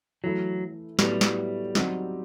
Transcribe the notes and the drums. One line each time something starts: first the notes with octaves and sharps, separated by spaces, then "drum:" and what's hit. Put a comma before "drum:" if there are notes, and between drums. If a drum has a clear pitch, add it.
E3 F#3 A3 E4
A2 F#3 G3 B3 E4, drum: snare
drum: snare
F#3 C4 D#4 G4 D#5, drum: snare